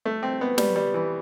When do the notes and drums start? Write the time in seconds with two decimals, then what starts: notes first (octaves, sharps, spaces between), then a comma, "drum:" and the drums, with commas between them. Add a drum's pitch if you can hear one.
0.06 A3
0.23 C4
0.41 B3
0.58 G3, drum: snare
0.76 G3
0.94 E3